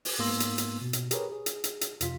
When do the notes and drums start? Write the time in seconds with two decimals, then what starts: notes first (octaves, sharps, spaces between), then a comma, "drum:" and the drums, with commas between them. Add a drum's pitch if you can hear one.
0.05 drum: open hi-hat
0.19 G#2 A#3 B3 C6 E6 A#6
0.40 drum: hi-hat
0.58 drum: hi-hat
0.81 B2
0.93 drum: hi-hat
1.11 G4 G#4 A#4 B4 C#5, drum: hi-hat
1.32 G#4
1.46 drum: hi-hat
1.64 drum: hi-hat
1.81 drum: hi-hat
2.01 F2 C3 F4 B6, drum: hi-hat